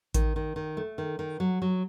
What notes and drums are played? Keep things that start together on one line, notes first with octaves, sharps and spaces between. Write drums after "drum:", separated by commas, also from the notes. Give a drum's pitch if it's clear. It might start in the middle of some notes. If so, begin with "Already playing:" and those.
D#3, drum: kick A1, hi-hat
D#3
D#3
A3
D#3
D#3
F#3
F#3